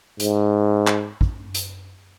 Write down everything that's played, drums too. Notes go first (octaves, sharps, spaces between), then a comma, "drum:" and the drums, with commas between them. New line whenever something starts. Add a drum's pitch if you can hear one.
G#2, drum: hi-hat
drum: clap
drum: kick
drum: hi-hat